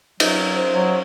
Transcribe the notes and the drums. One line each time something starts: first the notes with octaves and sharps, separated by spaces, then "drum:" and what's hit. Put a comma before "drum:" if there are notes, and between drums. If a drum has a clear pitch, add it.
F#3, drum: cymbal
C5
F#3